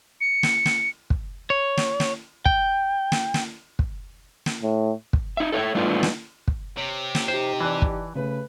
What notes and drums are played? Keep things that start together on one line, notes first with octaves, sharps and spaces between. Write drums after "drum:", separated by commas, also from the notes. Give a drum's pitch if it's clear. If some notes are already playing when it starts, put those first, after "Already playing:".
C#7
drum: snare
drum: snare
drum: kick
C#5
drum: snare
drum: snare
G5, drum: kick
drum: snare
drum: snare
drum: kick
drum: snare
A2
drum: kick
D#4 E5
A4 C#5 D#5 E5
G3 A3 B3 D4 D#4 F4
drum: snare
drum: kick
C3 C#5
drum: snare
D#4 G4 C5
E3 D5 A5 F#6
drum: kick
C#3 A3 B4